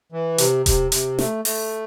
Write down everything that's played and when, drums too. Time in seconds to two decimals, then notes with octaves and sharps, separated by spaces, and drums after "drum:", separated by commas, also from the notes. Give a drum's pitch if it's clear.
0.12 E3
0.38 C3, drum: hi-hat
0.66 C3, drum: kick D#1, hi-hat
0.92 C3, drum: hi-hat
1.19 A3, drum: snare
1.45 A3, drum: open hi-hat